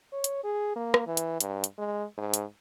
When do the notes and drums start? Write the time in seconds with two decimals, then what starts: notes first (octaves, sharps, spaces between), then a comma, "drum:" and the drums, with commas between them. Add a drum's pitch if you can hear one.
0.12 C#5
0.24 drum: hi-hat
0.44 G#4
0.76 A#3
0.94 drum: rim click
1.07 E3
1.17 drum: hi-hat
1.41 G2, drum: hi-hat
1.64 drum: hi-hat
1.78 G#3
2.18 G#2
2.34 drum: hi-hat